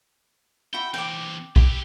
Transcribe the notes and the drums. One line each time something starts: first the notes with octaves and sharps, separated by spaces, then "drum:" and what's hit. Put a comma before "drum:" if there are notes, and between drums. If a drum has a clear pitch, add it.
E4 F#4 G5
E3 C4 G5 D6
E4 G4, drum: kick B1